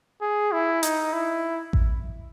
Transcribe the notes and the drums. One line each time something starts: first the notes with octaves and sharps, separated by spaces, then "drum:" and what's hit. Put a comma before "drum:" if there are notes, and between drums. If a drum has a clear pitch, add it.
G#4
E4
D#4, drum: hi-hat
E4
drum: kick A1